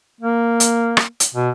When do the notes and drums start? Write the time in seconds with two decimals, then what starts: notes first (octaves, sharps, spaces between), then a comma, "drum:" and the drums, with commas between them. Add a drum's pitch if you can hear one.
0.21 A#3
0.60 drum: hi-hat
0.97 drum: rim click
1.20 drum: hi-hat
1.35 B2